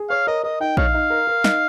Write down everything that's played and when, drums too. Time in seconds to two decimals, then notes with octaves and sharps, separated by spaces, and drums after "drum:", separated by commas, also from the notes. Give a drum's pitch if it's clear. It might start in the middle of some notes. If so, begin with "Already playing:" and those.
Already playing: G#4
0.10 C#5 F5
0.27 A#4 D#5
0.44 A#4 D#5
0.60 D#4 G5
0.77 D#4 C#5 F5, drum: kick A#1
0.94 D#4
1.10 A#4
1.27 A#4
1.44 D#4, drum: snare